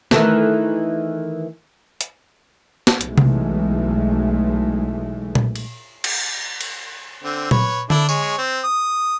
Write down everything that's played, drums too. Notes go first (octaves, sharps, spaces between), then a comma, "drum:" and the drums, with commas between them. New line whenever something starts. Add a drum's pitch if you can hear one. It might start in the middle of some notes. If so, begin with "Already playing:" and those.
D#3 E3 A3, drum: snare
drum: hi-hat
drum: snare
B1 E3 G#3 A3, drum: hi-hat
drum: tom C3
drum: tom A#2
drum: cymbal
drum: cymbal
drum: cymbal
D3 C4
B4 C#5, drum: tom A#2
D4 E4 A4, drum: tom D3
G#3 C#5, drum: tambourine
C4
D#6